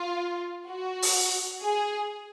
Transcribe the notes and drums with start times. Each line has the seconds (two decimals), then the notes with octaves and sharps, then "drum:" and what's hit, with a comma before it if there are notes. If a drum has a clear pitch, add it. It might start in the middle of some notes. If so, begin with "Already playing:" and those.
Already playing: F4
0.67 F#4
1.02 drum: open hi-hat
1.62 G#4